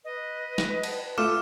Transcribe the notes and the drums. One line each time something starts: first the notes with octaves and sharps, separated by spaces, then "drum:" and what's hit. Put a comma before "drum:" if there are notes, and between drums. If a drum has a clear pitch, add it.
B4 D#5
drum: snare
drum: cymbal
A3 F4 D6 F6 E7